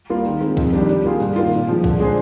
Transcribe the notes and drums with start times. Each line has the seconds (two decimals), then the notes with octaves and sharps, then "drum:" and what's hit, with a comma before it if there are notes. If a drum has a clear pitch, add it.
0.10 G3 A#3 F4
0.25 D#3, drum: tambourine
0.41 G#3 C4
0.57 F2, drum: kick C2, tambourine
0.72 D#3 G3 D4 G4
0.89 G3, drum: tambourine
1.04 A#3 F4 G#4
1.20 G2, drum: tambourine
1.36 D#3 A#3 F4
1.52 A#2, drum: tambourine
1.68 F3 G#3
1.84 D3, drum: kick C2, tambourine
2.00 G#3 D4 G#4 C5